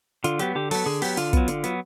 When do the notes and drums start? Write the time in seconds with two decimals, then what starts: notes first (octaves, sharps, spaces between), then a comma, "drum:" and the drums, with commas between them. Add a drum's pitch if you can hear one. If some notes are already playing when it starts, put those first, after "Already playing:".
0.24 D3 F4, drum: hi-hat
0.39 F#3 B3 G4, drum: hi-hat
0.55 D3 G4
0.71 F#3 B3 A4, drum: open hi-hat
0.86 D3 G#4
1.02 F#3 B3 G4, drum: open hi-hat
1.17 D3 F4, drum: hi-hat
1.33 F#3 B3, drum: kick, hi-hat
1.48 D3, drum: hi-hat
1.64 F#3 B3, drum: hi-hat